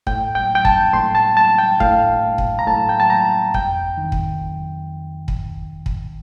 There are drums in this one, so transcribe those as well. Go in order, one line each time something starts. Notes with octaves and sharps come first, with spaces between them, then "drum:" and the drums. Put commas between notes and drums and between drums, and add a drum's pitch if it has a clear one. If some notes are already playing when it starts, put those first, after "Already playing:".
A2 G5, drum: kick
G5
G5
A5, drum: kick
A2 C6
A5
A5
G5
A2 F5, drum: kick
drum: kick
A#5
A2 A5
G5
A5
A#5
F2 G5, drum: kick
D#3
drum: kick
drum: kick
drum: kick